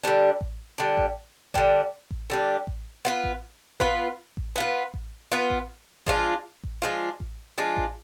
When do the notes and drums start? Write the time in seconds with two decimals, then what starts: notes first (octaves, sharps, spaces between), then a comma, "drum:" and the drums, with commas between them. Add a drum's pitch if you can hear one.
0.03 D3 G3 D4
0.41 drum: kick A1
0.78 D3 G3 D4
0.97 drum: kick A1
1.54 D3 G3 D4, drum: kick A1
2.11 drum: kick A1
2.30 D3 G3 D4
2.67 drum: kick A1
3.05 B3 F4 B4
3.24 drum: kick A1
3.80 B3 F4 B4, drum: kick A1
4.37 drum: kick A1
4.56 B3 F4 B4
4.94 drum: kick A1
5.32 B3 F4 B4
5.50 drum: kick A1
6.07 F3 G#3 D4 F4, drum: kick A1
6.64 drum: kick A1
6.82 F3 G#3 D4 F4
7.20 drum: kick A1
7.58 F3 G#3 D4 F4
7.77 drum: kick A1